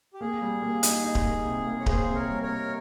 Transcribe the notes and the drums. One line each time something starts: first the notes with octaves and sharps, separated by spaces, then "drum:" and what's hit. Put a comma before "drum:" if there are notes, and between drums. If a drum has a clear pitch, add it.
G4
A#3 G#4
G3
A#3
D#4, drum: hi-hat
D#4
drum: kick D1
A#3
C3
A#3
C#5
A#3 G#4 C5, drum: kick D1
C3
A#4 C#5
G3
A#4 C#5
A#3